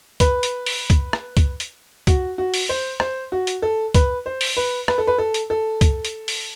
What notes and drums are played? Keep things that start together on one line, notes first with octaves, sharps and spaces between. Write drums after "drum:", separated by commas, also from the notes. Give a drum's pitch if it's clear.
B4, drum: kick C#2, hi-hat
drum: hi-hat
drum: open hi-hat
drum: kick C#2, hi-hat
drum: rim click
drum: kick C#2, hi-hat
drum: hi-hat
F#4, drum: kick C#2, hi-hat
F#4
drum: open hi-hat
C5
C5, drum: rim click
F#4
drum: hi-hat
A4
B4, drum: kick C#2, hi-hat
C5
drum: open hi-hat
B4
B4, drum: rim click
A4
B4
A4
drum: hi-hat
A4
drum: kick C#2, hi-hat
drum: hi-hat
drum: open hi-hat